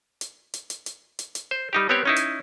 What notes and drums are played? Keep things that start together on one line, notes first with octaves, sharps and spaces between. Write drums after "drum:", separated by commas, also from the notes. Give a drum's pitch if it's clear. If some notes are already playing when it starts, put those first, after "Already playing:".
drum: hi-hat
drum: hi-hat
drum: hi-hat
drum: hi-hat
drum: hi-hat
drum: hi-hat
C5
G3 D#4 G4
B3 C4 G4 C#5
C#4 D#4 E4
drum: hi-hat